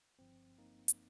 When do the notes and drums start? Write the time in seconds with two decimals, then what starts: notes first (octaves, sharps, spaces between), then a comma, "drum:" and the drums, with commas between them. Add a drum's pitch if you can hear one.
0.19 G1 G2 F3 C4
0.58 A#3 D#4
0.88 drum: hi-hat